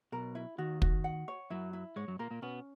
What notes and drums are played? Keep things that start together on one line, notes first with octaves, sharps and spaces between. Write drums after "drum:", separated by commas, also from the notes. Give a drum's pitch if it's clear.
B1 B2 A#4
E4
D#2 D#3 F#4
F#4, drum: kick
F#5
C#5
F#2 F#3 E4
E4
G#2 G#3 C#5
F#2 F#3
A#2 A#3 A#4
A#2 A#3
B2 B3 C#4